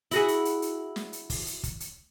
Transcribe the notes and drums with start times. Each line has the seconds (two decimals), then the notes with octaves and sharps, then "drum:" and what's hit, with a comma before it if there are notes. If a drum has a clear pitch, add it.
0.11 E4 F#4 G#4, drum: hi-hat
0.28 drum: hi-hat
0.45 drum: hi-hat
0.62 drum: hi-hat
0.96 drum: snare
1.13 drum: hi-hat
1.30 drum: kick, open hi-hat
1.47 drum: hi-hat
1.63 drum: kick, hi-hat
1.80 drum: hi-hat